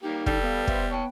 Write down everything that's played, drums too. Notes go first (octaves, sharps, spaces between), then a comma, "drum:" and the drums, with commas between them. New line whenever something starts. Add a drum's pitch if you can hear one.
G3 A#3 D#4 G4
D3 G3 A4, drum: kick
B3 F5
C5 E5, drum: kick
C#5 G5 A5